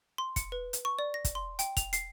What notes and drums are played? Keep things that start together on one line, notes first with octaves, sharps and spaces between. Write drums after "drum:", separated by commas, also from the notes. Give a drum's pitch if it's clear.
C6
C#7, drum: kick, hi-hat
B4
drum: hi-hat
C#6
D5
A#6
drum: kick, hi-hat
C6
G5, drum: hi-hat
F7, drum: kick, hi-hat
C7, drum: hi-hat